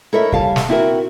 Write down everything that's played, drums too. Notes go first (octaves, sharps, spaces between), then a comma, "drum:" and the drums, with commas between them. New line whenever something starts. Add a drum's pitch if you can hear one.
E4 A4 A#4 C#5 D#5 E5
C#3 G3 F5 A5, drum: kick
drum: snare
C4 E4 F#4 A#4